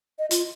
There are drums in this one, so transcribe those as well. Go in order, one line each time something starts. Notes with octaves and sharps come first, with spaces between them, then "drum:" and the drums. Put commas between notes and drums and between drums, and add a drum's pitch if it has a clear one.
D#5
F4, drum: hi-hat